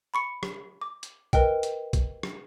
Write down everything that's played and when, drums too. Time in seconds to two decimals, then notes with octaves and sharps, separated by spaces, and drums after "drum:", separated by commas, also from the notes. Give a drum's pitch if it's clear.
0.14 B5 C#6 C#7
0.43 drum: rim click
0.81 D6
1.03 drum: hi-hat
1.33 A#4 B4 D#5 G5, drum: kick B1, hi-hat
1.63 drum: hi-hat
1.93 drum: kick B1, hi-hat
2.23 drum: rim click